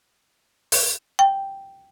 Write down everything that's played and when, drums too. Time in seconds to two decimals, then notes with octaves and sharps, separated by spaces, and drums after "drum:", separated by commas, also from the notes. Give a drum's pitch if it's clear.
0.72 drum: open hi-hat
1.19 G5